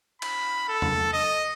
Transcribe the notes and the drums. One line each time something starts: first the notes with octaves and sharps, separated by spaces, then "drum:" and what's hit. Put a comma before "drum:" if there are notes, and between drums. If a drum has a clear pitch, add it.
B5, drum: cymbal
A4
drum: tom E2
D#5